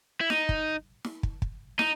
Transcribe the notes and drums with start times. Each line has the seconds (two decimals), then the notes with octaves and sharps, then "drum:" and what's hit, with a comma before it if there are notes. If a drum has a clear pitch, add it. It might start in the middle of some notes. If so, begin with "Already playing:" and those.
0.21 E4
0.30 D#4, drum: snare
0.49 drum: kick
1.05 drum: snare
1.23 drum: kick
1.42 drum: kick
1.79 D#4, drum: snare